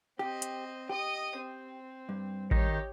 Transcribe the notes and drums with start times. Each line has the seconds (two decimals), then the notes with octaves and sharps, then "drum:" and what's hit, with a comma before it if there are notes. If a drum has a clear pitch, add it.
0.19 C4 G4 D#5
0.42 drum: hi-hat
0.89 G4 D#5 D#6
1.37 C4
2.09 G2
2.51 D#3 D#4 G4 C#5, drum: kick A1